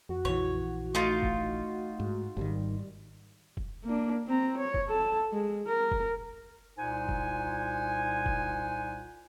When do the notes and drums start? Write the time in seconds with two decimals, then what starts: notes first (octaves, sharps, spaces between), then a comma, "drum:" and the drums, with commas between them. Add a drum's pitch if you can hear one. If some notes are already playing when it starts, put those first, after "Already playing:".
0.09 F2 F#4
0.25 A#1 E3 C#5
0.95 A3 D#4 F4
1.23 drum: kick F1
2.00 G#2
2.37 G#1 G#2 D3 D#3 G3
3.57 drum: kick F1
3.84 A#3 D4
4.28 C4 A#5
4.58 C#5
4.74 drum: kick F1
4.87 A4 A5
5.33 G#3
5.67 A#4
5.91 drum: kick F1
6.78 C2 A#2 D#4 C5 F#5 G#5
7.09 drum: kick F1
8.26 drum: kick F1